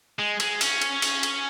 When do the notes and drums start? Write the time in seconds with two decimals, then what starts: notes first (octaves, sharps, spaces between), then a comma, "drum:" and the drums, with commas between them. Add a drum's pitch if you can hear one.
0.19 G#3
0.40 G#3, drum: cymbal
0.61 C#4, drum: cymbal
0.81 drum: cymbal
1.02 drum: cymbal
1.23 drum: cymbal